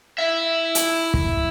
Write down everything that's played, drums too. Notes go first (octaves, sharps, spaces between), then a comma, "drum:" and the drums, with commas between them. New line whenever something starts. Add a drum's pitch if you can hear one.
E4 E5
drum: hi-hat
drum: kick